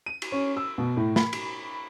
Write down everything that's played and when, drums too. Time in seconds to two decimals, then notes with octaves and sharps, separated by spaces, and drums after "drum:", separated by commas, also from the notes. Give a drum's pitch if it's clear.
0.06 D#7
0.22 drum: cymbal
0.32 C#4
0.57 E6
0.78 B2
0.97 A2
1.16 B5, drum: snare
1.33 drum: cymbal